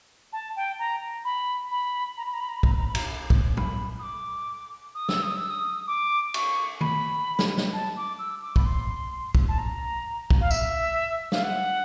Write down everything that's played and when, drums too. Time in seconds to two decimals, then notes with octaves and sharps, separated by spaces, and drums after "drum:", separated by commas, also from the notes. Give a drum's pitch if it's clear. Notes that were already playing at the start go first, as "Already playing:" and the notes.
0.33 A5
0.56 G5
0.79 A#5
1.25 B5
1.71 B5
2.17 A#5
2.25 B5
2.33 A#5
2.40 B5
2.49 A#5
2.56 B5
2.63 A#5, drum: kick
2.72 B5
2.79 A#5
2.87 B5
2.95 A#5, drum: cymbal
3.30 drum: kick
3.57 B5, drum: tom
3.99 D#6
4.03 D6
4.95 D#6
5.09 E6, drum: snare
5.22 D#6
5.37 E6
5.50 D#6
5.88 D6
6.34 C#6, drum: cymbal
6.81 B5, drum: tom
7.39 drum: snare
7.58 drum: snare
7.73 A5
7.97 D6
8.19 E6
8.42 D6
8.56 B5, drum: kick
8.66 C6
9.35 drum: kick
9.48 A5
9.58 A#5
10.30 drum: kick
10.41 F5
10.51 E5, drum: tambourine
11.32 F5, drum: snare
11.43 F#5